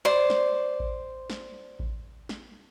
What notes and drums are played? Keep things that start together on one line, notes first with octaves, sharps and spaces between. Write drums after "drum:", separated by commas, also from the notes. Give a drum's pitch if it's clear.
C5 D5 C6
drum: snare
drum: kick A1
drum: snare
drum: kick A1
drum: snare